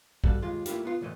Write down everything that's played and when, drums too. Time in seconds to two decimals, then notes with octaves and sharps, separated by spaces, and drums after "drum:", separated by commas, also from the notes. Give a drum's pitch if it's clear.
0.24 G3 F#4 A4 F5, drum: kick
0.42 D#2 G#3 F4
0.66 A3 A#3 E4 F4 G4, drum: hi-hat
0.85 B3 F4
1.01 D2 A2 E3 A3 D#5